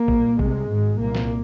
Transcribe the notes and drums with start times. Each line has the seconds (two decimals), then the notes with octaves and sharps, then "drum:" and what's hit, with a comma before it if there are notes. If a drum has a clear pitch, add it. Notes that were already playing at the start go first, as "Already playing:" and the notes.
Already playing: A#3
0.08 C2 A#2, drum: kick A1
0.39 C2 C3 G#3, drum: kick A1
0.69 G#1 G#2
1.00 C2 A#2 A#3
1.15 drum: snare